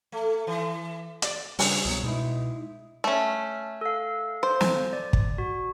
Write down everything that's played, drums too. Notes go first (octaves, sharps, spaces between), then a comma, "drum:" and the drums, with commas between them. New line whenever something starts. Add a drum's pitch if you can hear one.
A3
E3
D5, drum: hi-hat
C#3 G3 D4 G#4, drum: open hi-hat
C2 F#2 B2 F#3
B2 G#3 D#4 E4
A3 C#4 E5 A5
A4 F5
C5
drum: snare
D5
drum: kick
F#4